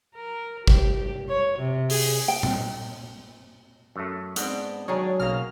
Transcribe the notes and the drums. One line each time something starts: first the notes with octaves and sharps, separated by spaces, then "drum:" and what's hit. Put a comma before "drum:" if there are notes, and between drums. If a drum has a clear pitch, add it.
A#4
G4, drum: kick G1
C#5
C3
G#4, drum: open hi-hat
G5
drum: tom A#2
F#2 A3
G#2 B3 C4 D4, drum: hi-hat
D#3 F#3 D4 G#4 C#5
B1 C#3 A#3 F6